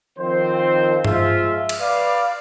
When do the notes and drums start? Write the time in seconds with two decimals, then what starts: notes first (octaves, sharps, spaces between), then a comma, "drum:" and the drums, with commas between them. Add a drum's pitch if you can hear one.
0.19 D#3 F3 C4 C5
1.05 F3 G#3 F4 E5, drum: tom G2
1.69 drum: cymbal
1.80 B4 D5 F5